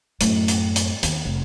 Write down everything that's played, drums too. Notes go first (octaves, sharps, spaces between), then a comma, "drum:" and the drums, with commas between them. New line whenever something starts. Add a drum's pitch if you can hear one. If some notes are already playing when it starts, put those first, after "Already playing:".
F#2 A2, drum: hi-hat
drum: hi-hat
drum: hi-hat
D#2, drum: hi-hat
F1